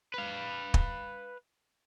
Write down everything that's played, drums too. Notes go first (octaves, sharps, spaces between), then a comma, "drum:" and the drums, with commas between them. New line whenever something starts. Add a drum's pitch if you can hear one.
B4 F5
drum: kick